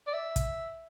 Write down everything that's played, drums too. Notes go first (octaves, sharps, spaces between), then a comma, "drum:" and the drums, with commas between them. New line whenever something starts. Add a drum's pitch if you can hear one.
D5
E5
drum: kick, hi-hat